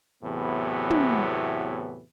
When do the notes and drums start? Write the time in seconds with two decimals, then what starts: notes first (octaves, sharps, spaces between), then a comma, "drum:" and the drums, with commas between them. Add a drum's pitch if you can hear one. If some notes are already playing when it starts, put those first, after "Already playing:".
0.23 E2 A2 C3 E3 F#3 B3
0.90 drum: tom